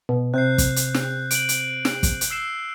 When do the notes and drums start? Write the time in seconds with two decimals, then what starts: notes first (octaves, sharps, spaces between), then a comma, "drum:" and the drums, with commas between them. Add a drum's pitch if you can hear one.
0.09 B2
0.34 C3 F#6 G6 C7
0.58 drum: kick, hi-hat
0.76 drum: hi-hat
0.94 drum: snare
1.31 D7 F#7, drum: hi-hat
1.49 drum: hi-hat
1.85 drum: snare
2.03 drum: kick, hi-hat
2.21 drum: hi-hat
2.30 E6 C7 E7